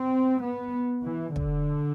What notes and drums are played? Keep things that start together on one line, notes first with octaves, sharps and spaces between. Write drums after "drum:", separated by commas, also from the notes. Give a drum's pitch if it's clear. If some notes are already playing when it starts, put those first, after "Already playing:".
Already playing: C4
B3
E3
D3, drum: kick